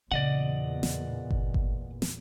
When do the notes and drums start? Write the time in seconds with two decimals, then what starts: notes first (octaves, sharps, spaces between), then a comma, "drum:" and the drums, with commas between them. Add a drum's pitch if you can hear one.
0.12 E2 A#2 C#3 E3 D5 D#5 F#5
0.83 drum: snare
1.31 drum: kick G1
1.54 drum: kick G1
2.02 drum: snare